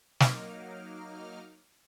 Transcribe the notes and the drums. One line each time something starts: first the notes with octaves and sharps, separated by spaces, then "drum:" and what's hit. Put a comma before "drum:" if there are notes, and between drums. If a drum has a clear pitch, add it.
F#3 A#3 D#4 D6 F6, drum: snare